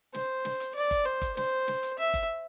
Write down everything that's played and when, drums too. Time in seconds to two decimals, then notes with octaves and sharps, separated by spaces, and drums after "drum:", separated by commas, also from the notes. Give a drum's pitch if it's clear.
0.14 C5, drum: snare
0.45 drum: snare
0.60 drum: hi-hat
0.75 D5
0.91 drum: kick G1, hi-hat
1.06 C5
1.22 drum: kick G1, hi-hat
1.37 C5, drum: snare
1.68 drum: snare
1.83 drum: hi-hat
1.99 E5
2.14 drum: kick G1, hi-hat